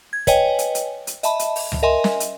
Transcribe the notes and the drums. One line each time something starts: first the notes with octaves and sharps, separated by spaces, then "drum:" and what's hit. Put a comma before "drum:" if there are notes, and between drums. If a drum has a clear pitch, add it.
G#6
B4 C#5 D#5 G5 G#5, drum: kick, hi-hat
drum: hi-hat
drum: hi-hat
drum: hi-hat
D#5 E5 A5 B5, drum: hi-hat
drum: hi-hat
drum: open hi-hat
drum: tom C#2
A#4 D#5 E5 G#5 C6
drum: snare
drum: hi-hat